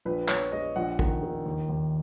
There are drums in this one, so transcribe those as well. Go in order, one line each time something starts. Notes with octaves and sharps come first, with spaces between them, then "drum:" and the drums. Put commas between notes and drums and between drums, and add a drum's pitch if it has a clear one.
A#1 B4
A#1 C#5, drum: clap
G#3 D#5
A#1 F#5
D#3, drum: kick
D#3
D#2
D#2